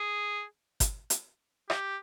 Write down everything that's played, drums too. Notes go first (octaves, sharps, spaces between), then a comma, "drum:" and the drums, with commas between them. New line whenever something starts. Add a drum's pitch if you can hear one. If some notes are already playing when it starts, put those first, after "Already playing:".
Already playing: G#4
drum: kick G1, hi-hat
drum: hi-hat
G4, drum: rim click